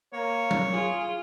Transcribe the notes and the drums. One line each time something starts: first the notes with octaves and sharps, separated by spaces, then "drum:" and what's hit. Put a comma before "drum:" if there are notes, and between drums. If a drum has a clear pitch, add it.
A#3 C#5
drum: tom F#3
F4 G#4